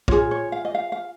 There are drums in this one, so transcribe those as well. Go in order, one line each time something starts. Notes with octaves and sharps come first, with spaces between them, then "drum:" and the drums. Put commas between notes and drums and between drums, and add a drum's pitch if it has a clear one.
F4 G#4 C#5, drum: kick
C#5
F5
D#5
F5
F5